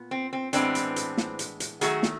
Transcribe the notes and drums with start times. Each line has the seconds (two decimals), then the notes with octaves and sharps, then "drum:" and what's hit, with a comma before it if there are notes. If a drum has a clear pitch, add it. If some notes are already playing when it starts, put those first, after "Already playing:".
Already playing: A#2 B3
0.11 C4
0.33 C4
0.53 A2 E3 G#3 B3 C4 D4, drum: hi-hat
0.75 drum: hi-hat
0.96 drum: hi-hat
1.18 drum: snare
1.39 drum: hi-hat
1.60 drum: hi-hat
1.81 D#3 F#3 A3 F#4 G#4, drum: hi-hat
2.03 drum: snare